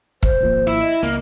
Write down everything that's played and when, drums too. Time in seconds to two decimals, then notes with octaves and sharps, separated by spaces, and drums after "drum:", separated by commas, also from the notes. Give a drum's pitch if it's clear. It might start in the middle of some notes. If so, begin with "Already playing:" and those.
0.23 C5, drum: kick
0.40 G#1 F3 A#3
0.67 E4
0.81 D#5
1.03 C#2 A#3